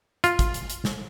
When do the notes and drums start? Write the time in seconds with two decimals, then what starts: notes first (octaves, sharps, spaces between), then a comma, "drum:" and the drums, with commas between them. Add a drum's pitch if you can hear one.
0.24 F4, drum: hi-hat
0.39 drum: kick, hi-hat
0.54 drum: hi-hat
0.70 drum: hi-hat
0.85 drum: snare